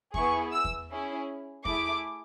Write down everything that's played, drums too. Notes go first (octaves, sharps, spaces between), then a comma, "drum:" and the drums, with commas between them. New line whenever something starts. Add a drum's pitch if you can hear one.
B3 E4 G#4 C#6, drum: kick E2
E6
drum: kick E2
C#4 E4 G#4
A3 E4 G#4 D6, drum: kick E2